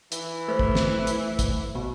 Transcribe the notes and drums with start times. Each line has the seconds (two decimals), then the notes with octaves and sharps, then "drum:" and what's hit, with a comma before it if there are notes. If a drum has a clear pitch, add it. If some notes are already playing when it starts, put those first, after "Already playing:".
0.12 E3, drum: hi-hat
0.48 A3 B4 C5
0.59 drum: kick
0.75 drum: snare
1.07 drum: hi-hat
1.39 drum: kick, hi-hat
1.75 B2